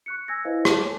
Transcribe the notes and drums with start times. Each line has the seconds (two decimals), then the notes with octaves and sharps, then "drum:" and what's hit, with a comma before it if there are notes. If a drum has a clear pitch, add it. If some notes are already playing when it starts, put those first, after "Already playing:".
0.06 C#6 F#6 C#7
0.28 G#5 E6 G#6 A#6
0.45 E4 B4 C5 D#5 F5
0.65 G#4 G#5 A5 D6, drum: rim click
0.83 A4 C#5 G#5